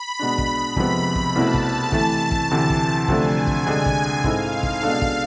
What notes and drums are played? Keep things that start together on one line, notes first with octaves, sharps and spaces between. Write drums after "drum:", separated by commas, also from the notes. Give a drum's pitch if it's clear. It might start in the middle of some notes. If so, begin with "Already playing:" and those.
Already playing: B5
B2 G#3 D4
drum: kick
F2 C3 F3 G#3 B3 B5, drum: kick
B5
drum: kick
C2 B2 A3 C4 E4 A5
drum: kick
C3 E3 A3, drum: kick
drum: kick
D2 C3 E3
drum: kick
D2 C3 F3 A3 D4 G#5, drum: kick
G#5
drum: kick
D2 C3 G#3 D4 A4
drum: kick
G#2 G#3 C4 E4 A4 F5, drum: kick
drum: kick
B2 G#3 D4 A4
drum: kick